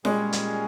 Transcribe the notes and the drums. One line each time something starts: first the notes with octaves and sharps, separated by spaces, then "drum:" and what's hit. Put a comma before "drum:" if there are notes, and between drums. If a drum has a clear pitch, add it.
A#2 G3 G#3 C#4 G#4 C#5, drum: snare F4
drum: hi-hat